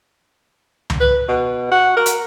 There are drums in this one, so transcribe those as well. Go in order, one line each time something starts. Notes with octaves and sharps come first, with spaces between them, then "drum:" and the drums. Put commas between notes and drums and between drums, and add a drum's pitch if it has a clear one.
drum: tom C#2
B4
B2
F#4
A#4
drum: hi-hat